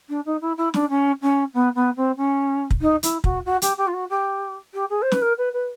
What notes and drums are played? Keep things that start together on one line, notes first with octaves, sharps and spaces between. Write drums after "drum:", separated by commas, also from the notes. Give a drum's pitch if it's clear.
D4
D#4
E4
E4
D4, drum: snare
C#4
C#4
B3
B3
C4
C#4
drum: kick
D#4
E4, drum: hi-hat
F#4, drum: kick
F#4
G4, drum: hi-hat
G4
F4
F#4
G4
G4
G#4
C5
B4, drum: snare
A#4
B4
B4